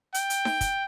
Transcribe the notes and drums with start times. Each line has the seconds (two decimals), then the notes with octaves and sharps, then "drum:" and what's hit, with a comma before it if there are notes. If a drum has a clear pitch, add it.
0.14 G5, drum: hi-hat
0.30 drum: hi-hat
0.45 drum: snare D#4
0.61 drum: kick, hi-hat